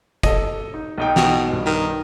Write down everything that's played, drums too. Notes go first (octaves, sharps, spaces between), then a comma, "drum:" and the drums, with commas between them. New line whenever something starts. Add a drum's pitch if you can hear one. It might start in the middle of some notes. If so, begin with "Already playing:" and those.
A4 D#5, drum: kick, hi-hat
D#4
B1 D#4 G5
B2, drum: snare
B1 G2
D#3